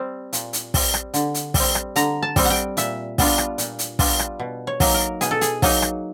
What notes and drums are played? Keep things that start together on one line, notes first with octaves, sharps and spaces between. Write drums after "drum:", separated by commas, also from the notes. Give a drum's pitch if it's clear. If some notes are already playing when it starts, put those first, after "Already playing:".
Already playing: G3 C4
A#2, drum: hi-hat
drum: hi-hat
G3 C4, drum: kick, open hi-hat
drum: rim click
D3, drum: hi-hat
drum: hi-hat
G3, drum: kick, open hi-hat
C4
drum: rim click
D3 A#5, drum: hi-hat
A5
G3 C4, drum: kick, open hi-hat
F#5
G5
A#2 E5, drum: hi-hat
G3 B3 D4 F4, drum: kick, open hi-hat
drum: rim click
A#2, drum: hi-hat
drum: hi-hat
G3 B3 D4 F4, drum: kick, open hi-hat
drum: rim click
B2
C#5
F#3 A#3 D#4, drum: kick, open hi-hat
A#4
B2 G#4, drum: hi-hat
A4
G#4, drum: hi-hat
F#3 A#3 D#4, drum: kick, open hi-hat
drum: rim click